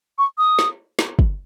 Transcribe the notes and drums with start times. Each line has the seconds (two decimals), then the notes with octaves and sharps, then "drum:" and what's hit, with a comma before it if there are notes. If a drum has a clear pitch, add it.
0.18 C#6
0.38 D#6
0.59 drum: snare
0.99 drum: snare
1.19 drum: kick